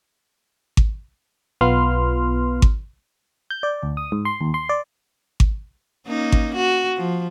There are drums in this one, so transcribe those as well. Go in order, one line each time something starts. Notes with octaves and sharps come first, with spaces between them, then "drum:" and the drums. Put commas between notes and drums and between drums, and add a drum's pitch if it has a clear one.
drum: kick G#1
B1 B3 F4 B4 C6 F6
drum: kick G#1
G6
D5
D2
D#6
G#2
C6
D#2
C6
D5
drum: kick G#1
A#3 C#4 D#4
drum: kick G#1
F#4
F3